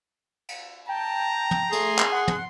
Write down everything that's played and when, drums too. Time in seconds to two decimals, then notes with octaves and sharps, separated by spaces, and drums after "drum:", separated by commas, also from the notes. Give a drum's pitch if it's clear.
0.49 drum: cymbal
0.89 G5 A5 A#5
1.51 drum: tom
1.72 A3 G#4 C6, drum: cymbal
1.99 drum: clap
2.12 F#5
2.28 drum: tom